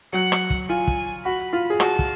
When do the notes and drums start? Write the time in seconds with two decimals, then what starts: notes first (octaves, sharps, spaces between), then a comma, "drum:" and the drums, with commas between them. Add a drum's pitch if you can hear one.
0.13 F#3 F#5
0.32 drum: rim click
0.50 drum: kick
0.69 F4 G#5
0.88 drum: kick
1.25 F#4 B5
1.53 F4
1.70 G#4
1.80 F#4 A5, drum: rim click
1.99 drum: kick